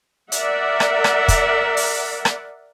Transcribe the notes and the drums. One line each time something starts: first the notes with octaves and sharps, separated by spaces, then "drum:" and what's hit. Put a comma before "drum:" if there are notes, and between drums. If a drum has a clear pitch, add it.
A#4 D5 E5 F#5, drum: hi-hat
drum: rim click
drum: rim click
drum: kick, hi-hat
drum: open hi-hat
drum: rim click